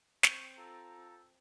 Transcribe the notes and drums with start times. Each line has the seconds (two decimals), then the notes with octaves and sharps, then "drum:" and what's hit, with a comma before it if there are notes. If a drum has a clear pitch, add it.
0.23 C4 C#6 G6, drum: snare
0.57 F4 A4 A#5